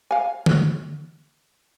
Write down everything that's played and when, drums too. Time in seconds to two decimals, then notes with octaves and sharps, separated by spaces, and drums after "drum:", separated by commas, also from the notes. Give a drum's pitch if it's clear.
0.11 F5 G#5
0.46 drum: tom D3